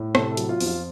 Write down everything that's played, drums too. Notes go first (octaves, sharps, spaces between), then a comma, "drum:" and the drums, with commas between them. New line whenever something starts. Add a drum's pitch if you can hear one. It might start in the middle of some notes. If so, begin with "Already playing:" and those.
Already playing: A2
C3 A4, drum: rim click
A4
F#3, drum: hi-hat
F4
F2, drum: open hi-hat
F4